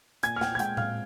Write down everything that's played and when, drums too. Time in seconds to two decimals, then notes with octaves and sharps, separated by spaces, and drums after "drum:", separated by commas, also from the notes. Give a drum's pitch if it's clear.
0.23 A#2 G#5 G#6, drum: hi-hat
0.36 F6
0.41 G5 G6, drum: snare
0.55 G#6
0.59 G#3 G5 G6, drum: hi-hat
0.77 F5 F6, drum: tom A2